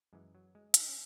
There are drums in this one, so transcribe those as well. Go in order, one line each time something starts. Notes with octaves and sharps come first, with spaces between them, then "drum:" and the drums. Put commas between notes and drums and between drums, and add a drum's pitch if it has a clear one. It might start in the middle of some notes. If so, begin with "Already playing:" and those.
F#2 E3 G#3
F#3
G#3
E4, drum: hi-hat
D#4
C#4